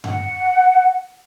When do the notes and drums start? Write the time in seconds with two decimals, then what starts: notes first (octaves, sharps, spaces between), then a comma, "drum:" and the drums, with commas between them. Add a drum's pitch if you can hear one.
0.04 F#5, drum: tom G2